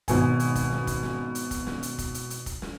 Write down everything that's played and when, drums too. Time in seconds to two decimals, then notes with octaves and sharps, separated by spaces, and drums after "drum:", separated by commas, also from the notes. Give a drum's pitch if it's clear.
0.08 G#1 B2 G#5, drum: kick, hi-hat
0.40 drum: hi-hat
0.55 drum: kick, hi-hat
0.71 drum: snare
0.87 drum: kick, hi-hat
1.03 drum: snare
1.35 drum: hi-hat
1.51 drum: kick, hi-hat
1.67 drum: snare
1.83 drum: hi-hat
1.98 drum: kick, hi-hat
2.14 drum: hi-hat
2.30 drum: hi-hat
2.46 drum: kick, hi-hat
2.62 drum: snare